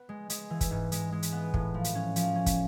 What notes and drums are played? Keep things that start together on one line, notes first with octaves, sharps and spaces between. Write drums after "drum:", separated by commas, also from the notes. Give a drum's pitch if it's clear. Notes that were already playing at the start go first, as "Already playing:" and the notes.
Already playing: B3
G#3
G#3, drum: hi-hat
E3
drum: kick, hi-hat
G#2
G#3, drum: hi-hat
G#3
drum: hi-hat
B3
A2, drum: kick
F3
drum: hi-hat
C#4
F3, drum: hi-hat
C#4
drum: kick, hi-hat